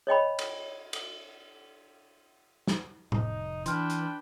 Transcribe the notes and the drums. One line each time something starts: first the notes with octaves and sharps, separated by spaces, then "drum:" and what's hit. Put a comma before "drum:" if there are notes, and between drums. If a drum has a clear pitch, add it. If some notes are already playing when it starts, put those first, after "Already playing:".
C#5 D#5 G5 B5
drum: cymbal
drum: cymbal
drum: snare
F1 D#4, drum: tom A2
E3 D4 B4 G5 C6 F6, drum: hi-hat
drum: hi-hat